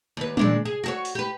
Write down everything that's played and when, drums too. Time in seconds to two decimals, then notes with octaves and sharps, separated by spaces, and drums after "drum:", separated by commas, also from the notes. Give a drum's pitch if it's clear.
0.17 D#2 B4
0.37 A#2 G#3 D4, drum: tom
0.65 G#4
0.84 F#4 G#4 C#5
1.05 drum: open hi-hat
1.15 G4 B4